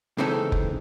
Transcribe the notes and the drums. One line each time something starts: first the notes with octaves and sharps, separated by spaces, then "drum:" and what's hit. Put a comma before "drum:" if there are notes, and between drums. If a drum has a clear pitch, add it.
C#3 E3 G#3 C4 D#4 A4
drum: kick F1